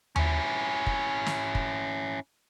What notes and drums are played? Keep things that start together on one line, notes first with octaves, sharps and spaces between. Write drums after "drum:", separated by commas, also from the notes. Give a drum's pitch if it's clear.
C#4 E4, drum: tom D#2
drum: kick
drum: snare
drum: kick